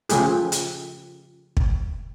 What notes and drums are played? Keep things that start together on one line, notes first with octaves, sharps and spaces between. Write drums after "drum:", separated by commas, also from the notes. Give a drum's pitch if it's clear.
C#3 F3 A3 G4 G#4, drum: hi-hat
drum: hi-hat
drum: kick